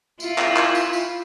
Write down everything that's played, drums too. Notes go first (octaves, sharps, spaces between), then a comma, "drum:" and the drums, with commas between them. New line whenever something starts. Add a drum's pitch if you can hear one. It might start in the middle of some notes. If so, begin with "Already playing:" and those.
E4 F4, drum: tambourine
drum: clap
drum: clap
drum: tambourine
drum: tambourine